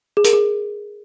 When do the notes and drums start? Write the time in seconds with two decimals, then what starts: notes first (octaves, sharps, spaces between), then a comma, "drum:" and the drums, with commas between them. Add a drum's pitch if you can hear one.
0.17 G#4
0.24 A#4, drum: hi-hat
0.33 G#4